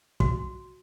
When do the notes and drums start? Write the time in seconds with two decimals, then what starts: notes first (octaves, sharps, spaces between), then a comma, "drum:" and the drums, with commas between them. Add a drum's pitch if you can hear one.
0.20 F#4, drum: kick